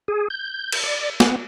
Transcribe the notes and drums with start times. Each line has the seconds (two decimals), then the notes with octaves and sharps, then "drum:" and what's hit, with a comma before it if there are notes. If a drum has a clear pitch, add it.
0.08 G#4
0.30 G6
0.72 drum: cymbal
0.84 D5
1.20 B3, drum: snare